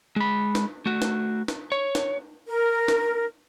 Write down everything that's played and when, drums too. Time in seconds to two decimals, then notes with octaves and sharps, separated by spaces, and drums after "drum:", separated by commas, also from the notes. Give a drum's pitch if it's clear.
0.16 G#3 B5
0.55 drum: snare
0.86 A3 F#4
1.02 drum: snare
1.48 drum: snare
1.72 C#5
1.95 drum: snare
2.47 A#4
2.88 drum: snare